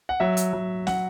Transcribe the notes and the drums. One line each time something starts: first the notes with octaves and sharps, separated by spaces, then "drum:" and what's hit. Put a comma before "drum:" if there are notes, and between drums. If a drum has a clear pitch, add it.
F#5
F#3 E5
drum: hi-hat
F#3
F#5, drum: snare